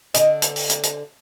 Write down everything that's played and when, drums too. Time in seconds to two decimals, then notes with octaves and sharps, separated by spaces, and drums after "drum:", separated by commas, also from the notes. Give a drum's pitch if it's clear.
0.14 D3 D#5, drum: hi-hat
0.42 drum: hi-hat
0.56 drum: open hi-hat
0.70 drum: hi-hat
0.83 drum: hi-hat